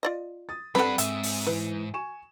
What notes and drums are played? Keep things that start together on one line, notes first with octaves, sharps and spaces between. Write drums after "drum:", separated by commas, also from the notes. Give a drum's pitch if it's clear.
F4 D5 D#5
D#6 A6
G3 C4 D4 A4 B4 F#5 B5, drum: snare
G#2 E5, drum: hi-hat
drum: open hi-hat
E3 B4
G#5 C#6 E7